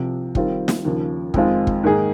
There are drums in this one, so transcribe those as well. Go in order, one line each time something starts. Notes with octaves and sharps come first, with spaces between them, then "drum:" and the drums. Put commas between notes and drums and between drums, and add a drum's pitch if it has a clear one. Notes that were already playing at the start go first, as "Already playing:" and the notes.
Already playing: C2 C3 F3
D#3 G3 C4 F4 A#4, drum: kick
drum: snare
D#2 C#3 F3
F2 D#3 G#3 C4 F4, drum: kick
drum: kick
G#2 D#3 A#3 D#4 G#4